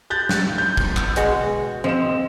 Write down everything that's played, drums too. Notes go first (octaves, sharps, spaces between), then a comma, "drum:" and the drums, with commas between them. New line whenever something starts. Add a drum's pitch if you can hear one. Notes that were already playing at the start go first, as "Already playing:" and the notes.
F#6 G6 A6
drum: snare
G6
drum: kick
drum: clap
B2 G#3 F#4, drum: hi-hat
F3 C4 D#5 E7